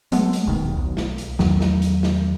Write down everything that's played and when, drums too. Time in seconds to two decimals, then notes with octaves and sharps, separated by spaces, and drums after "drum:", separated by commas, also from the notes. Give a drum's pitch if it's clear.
0.12 F#3 G#3 A3 B3, drum: hi-hat
0.33 drum: hi-hat
0.46 D#1 B1 B2 D#3
0.79 B1
0.97 drum: snare
1.18 drum: hi-hat
1.39 E2 D#3 F#3, drum: snare
1.61 drum: snare
1.82 drum: hi-hat
2.03 drum: snare